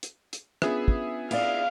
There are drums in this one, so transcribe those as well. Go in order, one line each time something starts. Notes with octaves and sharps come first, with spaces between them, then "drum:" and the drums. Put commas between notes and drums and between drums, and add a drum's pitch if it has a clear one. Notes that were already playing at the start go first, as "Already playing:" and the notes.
drum: hi-hat
drum: hi-hat
B3 C#4 D4 F4 G#4 E5, drum: rim click
drum: kick
E4 D5 F5, drum: cymbal